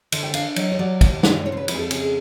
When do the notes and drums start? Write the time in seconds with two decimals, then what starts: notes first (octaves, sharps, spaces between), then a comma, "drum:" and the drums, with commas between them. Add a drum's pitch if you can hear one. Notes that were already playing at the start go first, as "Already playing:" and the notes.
0.12 D3, drum: cymbal
0.23 G5
0.34 D4 F5, drum: cymbal
0.56 F#3 D#5, drum: cymbal
0.72 C#5
0.79 F#3 D5
1.01 D#2, drum: kick, cymbal
1.23 D#2, drum: snare
1.46 C#3 C#5
1.52 C5
1.57 B4
1.68 F2 B4, drum: cymbal
1.75 G#4
1.79 A4
1.91 C#3 G#4, drum: cymbal